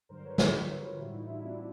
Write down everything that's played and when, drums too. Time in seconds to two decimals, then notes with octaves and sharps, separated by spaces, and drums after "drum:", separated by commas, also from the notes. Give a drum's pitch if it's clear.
0.09 G2 D3 F#3 A#4 C5
0.24 B4 C#5
0.38 F4 G4, drum: snare
0.91 F4
0.98 A2 E3 G3 E4 F#4
1.13 D#4 F4
1.28 D4 E4
1.44 C4 D4